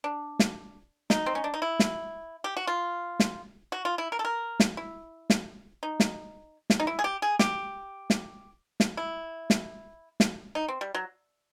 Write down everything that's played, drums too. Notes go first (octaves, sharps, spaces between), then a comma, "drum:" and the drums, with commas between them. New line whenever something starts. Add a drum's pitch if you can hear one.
D4
drum: snare
D#4, drum: snare
C4
C#4
D4
D#4
E4
drum: snare
G4
F#4
F4
drum: snare
F#4
F4
E4
A#4
A4
A#4
drum: snare
E4
drum: snare
D#4
drum: snare
drum: snare
D#4
E4
G#4
G4
G#4
G4, drum: snare
drum: snare
drum: snare
E4
drum: snare
drum: snare
D#4
C4
G3
F#3